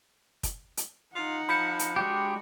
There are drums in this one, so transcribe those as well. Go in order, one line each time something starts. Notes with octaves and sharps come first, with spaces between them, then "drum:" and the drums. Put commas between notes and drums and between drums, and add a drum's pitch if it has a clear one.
drum: kick, hi-hat
drum: hi-hat
D#4 F4 F#5
F3 B5 C#7
drum: hi-hat
G#3 D4 F#4 G4